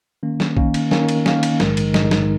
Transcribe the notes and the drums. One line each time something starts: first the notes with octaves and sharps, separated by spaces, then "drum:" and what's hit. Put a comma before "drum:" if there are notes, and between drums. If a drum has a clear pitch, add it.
D#3 A#3 C#4
drum: snare
D#3 A#3 C#4, drum: kick A#1
drum: cymbal
D#3 A#3 C#4, drum: snare
drum: cymbal
D#3 A#3 C#4, drum: snare
drum: cymbal
A#1 G#2 D#3 G#3 D#4, drum: snare
drum: cymbal
A#1 G#2 D#3 G#3 D#4, drum: snare
drum: snare